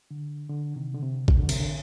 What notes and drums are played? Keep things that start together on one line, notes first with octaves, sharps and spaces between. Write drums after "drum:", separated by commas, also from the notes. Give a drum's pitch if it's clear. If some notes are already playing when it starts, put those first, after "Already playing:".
D3
D3
C3 D#3
D3
C3
C3, drum: kick A1
D3
C3, drum: cymbal
D3